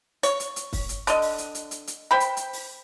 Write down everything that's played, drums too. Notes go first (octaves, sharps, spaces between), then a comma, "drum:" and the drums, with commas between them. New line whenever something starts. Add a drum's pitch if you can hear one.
C#5, drum: hi-hat
drum: hi-hat
drum: hi-hat
drum: kick, open hi-hat
drum: hi-hat
D3 D#5, drum: hi-hat
drum: open hi-hat
drum: hi-hat
drum: hi-hat
drum: hi-hat
drum: hi-hat
C5 G5 B5
drum: hi-hat
drum: hi-hat
drum: open hi-hat